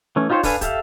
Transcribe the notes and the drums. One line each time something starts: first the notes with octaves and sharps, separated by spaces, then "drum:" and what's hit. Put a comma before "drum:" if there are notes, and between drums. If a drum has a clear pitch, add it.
E3 A3 C#4
D#4 F4 G4 C5 C#5
D4 A4 B4 F5 G#5, drum: kick, open hi-hat
G4 A4 E5 F5, drum: kick, hi-hat